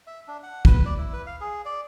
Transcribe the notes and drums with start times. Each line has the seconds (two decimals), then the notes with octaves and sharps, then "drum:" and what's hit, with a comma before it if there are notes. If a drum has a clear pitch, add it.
0.07 E5
0.28 D4
0.43 F#5
0.65 B4, drum: kick
0.86 D5
0.98 E4
1.13 B4
1.27 F5
1.41 G#4
1.65 D5